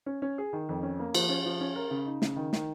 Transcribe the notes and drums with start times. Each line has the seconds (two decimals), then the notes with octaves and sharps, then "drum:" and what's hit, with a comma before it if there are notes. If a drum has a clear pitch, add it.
0.06 C#4
0.22 C#4
0.38 G#4
0.53 D#3
0.69 F2
0.83 C#4
1.00 A#3
1.15 F3, drum: cymbal
1.29 C#4
1.45 F3
1.61 C#4
1.76 A#4
1.91 C#3
2.06 D#4
2.22 C#3, drum: snare
2.36 D#3
2.53 D#3, drum: snare